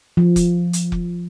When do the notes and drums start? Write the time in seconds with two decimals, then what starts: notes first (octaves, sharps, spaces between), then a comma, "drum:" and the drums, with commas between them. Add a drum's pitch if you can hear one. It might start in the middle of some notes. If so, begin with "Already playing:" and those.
0.17 F3
0.36 drum: kick F1, hi-hat
0.73 drum: hi-hat
0.92 drum: kick F1